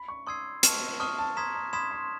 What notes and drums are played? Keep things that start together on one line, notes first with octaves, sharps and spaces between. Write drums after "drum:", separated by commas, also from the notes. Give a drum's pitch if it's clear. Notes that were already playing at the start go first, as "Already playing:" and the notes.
Already playing: B5
C#6
C6 D#6 E6 G#6 C7
A5 C#6 F6, drum: hi-hat
A5 C#6 D#6 F6
A5
A#5 C6 D#6 G#6 B6 E7
A#5
B5 C6 D#6 G#6 B6 E7
C6